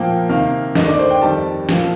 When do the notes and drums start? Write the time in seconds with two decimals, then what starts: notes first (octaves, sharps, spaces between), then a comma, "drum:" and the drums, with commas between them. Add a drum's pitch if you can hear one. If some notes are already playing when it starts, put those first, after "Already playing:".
Already playing: A#2 F3 A#3 G5
0.29 C3 D#3 A#3 F5
0.75 G2 D#3 A3 D#5, drum: snare
0.87 D5
0.99 C5
1.11 G5
1.21 F2 D#3 G3 A5
1.69 A#2 F3 A#3, drum: snare